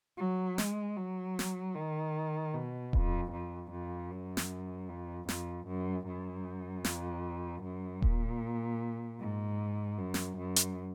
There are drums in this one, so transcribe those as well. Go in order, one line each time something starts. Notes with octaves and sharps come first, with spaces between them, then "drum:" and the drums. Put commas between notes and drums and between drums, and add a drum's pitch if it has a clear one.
F#3
G#3, drum: snare
F#3
drum: snare
D#3
B2
F2, drum: kick D#1
F2
F2
F#2
drum: snare
F2
F2, drum: snare
F#2
F#2
F2, drum: snare
F#2
A#2, drum: kick D#1
G#2
F#2
drum: snare
F#2
drum: hi-hat